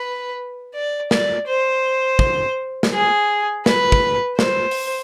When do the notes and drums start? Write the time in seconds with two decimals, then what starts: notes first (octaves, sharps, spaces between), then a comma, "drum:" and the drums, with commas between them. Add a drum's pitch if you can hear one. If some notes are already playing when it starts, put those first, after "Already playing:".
Already playing: B4
0.75 D5
1.11 D5, drum: snare
1.48 C5
2.19 drum: kick
2.83 drum: snare
2.93 G#4
3.66 B4, drum: snare
3.92 drum: kick
4.39 C5, drum: snare
4.71 drum: open hi-hat